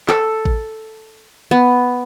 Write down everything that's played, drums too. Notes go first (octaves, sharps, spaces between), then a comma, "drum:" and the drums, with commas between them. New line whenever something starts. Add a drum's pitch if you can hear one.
A4, drum: clap
drum: kick A1
B3